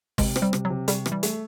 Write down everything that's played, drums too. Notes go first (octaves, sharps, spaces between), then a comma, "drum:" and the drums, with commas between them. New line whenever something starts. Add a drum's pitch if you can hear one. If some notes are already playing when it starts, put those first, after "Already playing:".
C3 G#3, drum: kick, open hi-hat
C4, drum: rim click
G3
C3, drum: rim click
F#3
C3
C3 G3, drum: hi-hat
E3, drum: rim click
G3
A3, drum: hi-hat